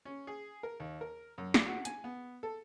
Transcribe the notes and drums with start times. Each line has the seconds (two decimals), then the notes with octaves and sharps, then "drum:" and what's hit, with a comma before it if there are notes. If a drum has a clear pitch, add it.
0.05 C#4
0.27 G#4
0.63 A#4
0.80 D#2
1.01 A#4
1.38 F#2
1.54 D5, drum: snare
1.67 F#4
1.85 G#5, drum: hi-hat
2.04 B3
2.43 A4